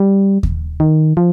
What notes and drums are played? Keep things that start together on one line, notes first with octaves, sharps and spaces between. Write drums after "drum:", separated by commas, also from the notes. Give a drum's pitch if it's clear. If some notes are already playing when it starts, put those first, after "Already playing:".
Already playing: G3
drum: kick D#2
D#3
F3